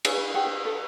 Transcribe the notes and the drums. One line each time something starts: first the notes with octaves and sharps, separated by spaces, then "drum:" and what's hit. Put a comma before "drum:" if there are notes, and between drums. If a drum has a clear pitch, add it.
G#4 C#5, drum: cymbal
B4
G4 G#4 F#5
C5
A4